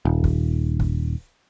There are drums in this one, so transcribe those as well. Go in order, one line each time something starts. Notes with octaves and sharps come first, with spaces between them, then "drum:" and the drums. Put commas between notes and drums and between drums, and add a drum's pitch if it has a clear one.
D#1
drum: kick
drum: kick